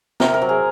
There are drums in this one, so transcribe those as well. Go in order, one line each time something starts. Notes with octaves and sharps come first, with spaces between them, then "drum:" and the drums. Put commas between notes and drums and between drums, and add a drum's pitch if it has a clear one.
C3 A#4, drum: snare
A#4
F#3
G#4